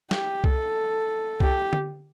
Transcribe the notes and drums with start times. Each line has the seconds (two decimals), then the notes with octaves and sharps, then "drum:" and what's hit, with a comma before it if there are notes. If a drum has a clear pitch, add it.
0.11 G4, drum: snare
0.44 A4, drum: kick C2
1.40 G4, drum: kick C2
1.73 drum: tom D3